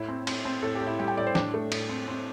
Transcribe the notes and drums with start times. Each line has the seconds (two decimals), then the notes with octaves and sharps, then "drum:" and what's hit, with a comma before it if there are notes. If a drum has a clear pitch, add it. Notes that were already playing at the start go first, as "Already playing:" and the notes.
Already playing: A2 E4
0.08 C4
0.27 C4, drum: cymbal
0.45 C4
0.62 A2 A4
0.75 G4
0.81 A2
0.87 E4
0.99 G3 G4
1.08 G5
1.17 A2 D5
1.27 C5
1.35 A2 D4, drum: snare
1.54 A3
1.72 A2, drum: cymbal
1.89 C4
2.08 C4